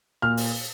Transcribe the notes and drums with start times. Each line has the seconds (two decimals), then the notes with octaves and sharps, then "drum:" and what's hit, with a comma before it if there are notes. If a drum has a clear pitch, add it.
0.22 A#2 F6
0.37 drum: open hi-hat